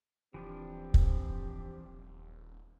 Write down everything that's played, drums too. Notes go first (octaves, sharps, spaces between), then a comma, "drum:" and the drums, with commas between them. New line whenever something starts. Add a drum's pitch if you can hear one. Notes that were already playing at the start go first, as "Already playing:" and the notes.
D#1 E3 F3 C4 D4 G4
drum: kick